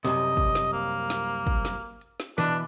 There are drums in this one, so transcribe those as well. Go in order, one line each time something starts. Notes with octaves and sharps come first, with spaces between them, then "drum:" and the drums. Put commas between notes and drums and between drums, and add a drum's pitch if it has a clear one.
C2 F#2 C3 D#5
drum: hi-hat
drum: kick
drum: snare
A#3
drum: hi-hat
drum: snare
drum: hi-hat
drum: kick
drum: snare
drum: hi-hat
drum: snare
B2 E3 D4 B4, drum: hi-hat